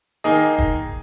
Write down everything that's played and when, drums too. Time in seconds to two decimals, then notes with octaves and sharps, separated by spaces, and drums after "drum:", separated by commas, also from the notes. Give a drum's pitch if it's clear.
0.24 D#3 A#3 D#4 G#4 D#5
0.58 drum: kick